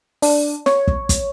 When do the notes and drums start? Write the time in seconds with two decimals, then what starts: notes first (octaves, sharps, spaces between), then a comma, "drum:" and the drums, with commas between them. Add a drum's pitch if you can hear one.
0.22 D4, drum: open hi-hat
0.66 C#5, drum: snare
0.87 drum: kick
1.09 drum: kick, hi-hat